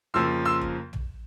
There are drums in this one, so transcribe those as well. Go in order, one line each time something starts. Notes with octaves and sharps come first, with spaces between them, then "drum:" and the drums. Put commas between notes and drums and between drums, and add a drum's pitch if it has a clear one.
F2 C#3 F3 A#3 C6 E6
C6 E6
drum: kick F1
drum: tom